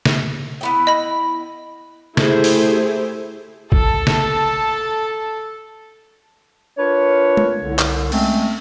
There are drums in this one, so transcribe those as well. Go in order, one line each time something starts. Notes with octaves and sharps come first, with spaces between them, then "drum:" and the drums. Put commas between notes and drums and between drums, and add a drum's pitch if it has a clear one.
drum: snare
B3 E4 G5
D#5 B5
A3 E4 G4 G#4 C5, drum: snare
drum: open hi-hat
A4 A5, drum: kick
drum: snare
D4 F4 A#4 B4 C#5
drum: tom
C2 D3
drum: clap
G#3 A3 C4 C#4, drum: cymbal